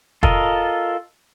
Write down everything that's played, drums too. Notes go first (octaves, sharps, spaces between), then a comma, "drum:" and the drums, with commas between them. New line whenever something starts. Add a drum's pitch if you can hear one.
F4 A4 A#4 D#5, drum: kick